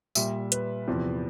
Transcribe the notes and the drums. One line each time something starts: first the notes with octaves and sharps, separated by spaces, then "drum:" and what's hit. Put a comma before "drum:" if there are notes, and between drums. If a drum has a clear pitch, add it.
A#2 G3 E5, drum: tambourine
B4, drum: hi-hat
E2 C3 F3